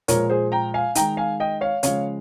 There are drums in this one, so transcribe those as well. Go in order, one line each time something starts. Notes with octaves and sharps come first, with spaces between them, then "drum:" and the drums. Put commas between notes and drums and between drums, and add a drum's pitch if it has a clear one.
A#2 F3 G#3 A#4 C#5, drum: hi-hat
G#4 C5
G5 A#5
F5 G#5
D#3 G#3 G5 A#5, drum: hi-hat
F5 G#5
D#5 G5
C#5 F5
C#3 F3 G#3 C#5 F5, drum: hi-hat